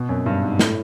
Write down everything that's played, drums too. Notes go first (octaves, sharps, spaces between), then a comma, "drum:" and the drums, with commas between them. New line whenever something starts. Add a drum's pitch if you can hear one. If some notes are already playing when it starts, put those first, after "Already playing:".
Already playing: B2
F#2
G2
G#2
A2, drum: snare